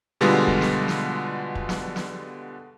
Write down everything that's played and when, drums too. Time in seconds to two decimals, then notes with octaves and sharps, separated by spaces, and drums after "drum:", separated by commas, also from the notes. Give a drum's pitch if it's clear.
0.21 B2 D3 G3 G#3 B3 F4
0.48 drum: kick
0.61 drum: snare
0.88 drum: snare
1.55 drum: kick
1.69 drum: snare
1.96 drum: snare